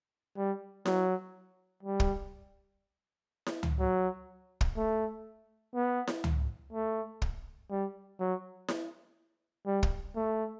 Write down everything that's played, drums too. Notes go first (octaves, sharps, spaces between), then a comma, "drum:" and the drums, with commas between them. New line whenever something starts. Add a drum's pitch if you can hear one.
G3
F#3, drum: snare E4
G3
drum: kick
drum: snare E4
drum: tom C#2
F#3
drum: kick
A3
B3
drum: snare E4
drum: tom C#2
A3
drum: kick
G3
F#3
drum: snare E4
G3
drum: kick
A3